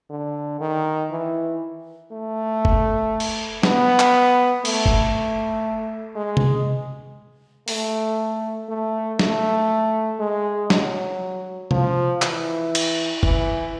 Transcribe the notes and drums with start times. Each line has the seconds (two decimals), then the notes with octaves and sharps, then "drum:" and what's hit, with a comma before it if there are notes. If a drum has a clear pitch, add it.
0.10 D3
0.60 D#3
1.12 E3
2.12 A3
2.65 drum: kick
3.20 drum: cymbal
3.63 B3, drum: snare
3.99 drum: clap
4.65 A3, drum: cymbal
4.86 drum: kick
6.16 G#3
6.37 drum: tom C3
7.68 A3, drum: open hi-hat
8.69 A3
9.19 A3, drum: snare
10.20 G#3
10.70 F#3, drum: snare
11.71 F3, drum: tom C3
12.22 E3, drum: clap
12.75 drum: cymbal
13.23 E3, drum: kick